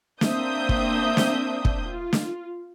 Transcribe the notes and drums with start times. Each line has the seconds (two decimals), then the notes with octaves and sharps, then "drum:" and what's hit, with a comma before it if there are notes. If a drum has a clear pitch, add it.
0.21 A#3 C4 D4 E5 D#6 G6, drum: snare
0.69 drum: kick
1.17 drum: snare
1.65 drum: kick
1.88 F4
2.13 drum: snare